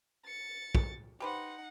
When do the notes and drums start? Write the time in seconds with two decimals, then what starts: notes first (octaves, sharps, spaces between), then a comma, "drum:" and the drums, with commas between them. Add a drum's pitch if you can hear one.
0.25 A6 C#7
0.75 drum: kick
1.20 D#4 G4 B4 C5 F#5